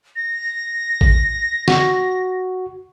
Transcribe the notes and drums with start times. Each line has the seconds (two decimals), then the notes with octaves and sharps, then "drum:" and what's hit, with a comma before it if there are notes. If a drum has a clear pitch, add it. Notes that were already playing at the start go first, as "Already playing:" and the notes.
0.16 A#6
1.01 drum: kick A1
1.68 F#4, drum: snare